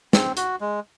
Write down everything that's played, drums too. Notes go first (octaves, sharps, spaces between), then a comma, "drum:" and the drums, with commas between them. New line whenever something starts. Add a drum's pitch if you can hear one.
C4, drum: snare
F#4, drum: hi-hat
G#3